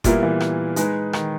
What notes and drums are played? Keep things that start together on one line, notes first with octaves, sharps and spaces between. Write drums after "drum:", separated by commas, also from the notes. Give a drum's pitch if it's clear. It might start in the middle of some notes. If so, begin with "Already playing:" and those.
A#2 G3 B3 E4 A#4, drum: kick F#1, hi-hat
E3
drum: rim click
G#3 D#4 G#4 B4, drum: hi-hat
D#3, drum: rim click